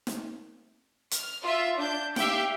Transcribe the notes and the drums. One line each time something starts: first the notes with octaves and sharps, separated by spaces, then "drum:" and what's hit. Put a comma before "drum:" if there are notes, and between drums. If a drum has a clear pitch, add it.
drum: snare
F6, drum: hi-hat
F4 E5
D4 G6
G4 E5 F5 G5, drum: snare